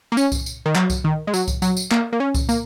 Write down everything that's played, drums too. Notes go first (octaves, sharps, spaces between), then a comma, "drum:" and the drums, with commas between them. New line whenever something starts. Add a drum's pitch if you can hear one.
A#3
C#4, drum: tambourine
drum: kick C2, tambourine
drum: tambourine
D#3
F#3, drum: clap
drum: kick C2, tambourine
D#3
G#3
F#3, drum: tambourine
drum: kick C2, tambourine
F#3, drum: tambourine
drum: tambourine
A#3, drum: clap
A#3
C#4
drum: kick C2, tambourine
A#3, drum: tambourine